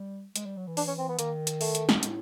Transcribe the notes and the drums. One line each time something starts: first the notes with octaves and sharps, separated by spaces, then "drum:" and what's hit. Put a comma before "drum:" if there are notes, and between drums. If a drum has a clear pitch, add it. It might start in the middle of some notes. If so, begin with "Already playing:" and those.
Already playing: G3
G#3, drum: hi-hat
G3
F#3
E3
D4, drum: open hi-hat
C#4
C4
B3
D#3 A#3, drum: hi-hat
drum: hi-hat
A3, drum: open hi-hat
drum: hi-hat
drum: snare
A2, drum: hi-hat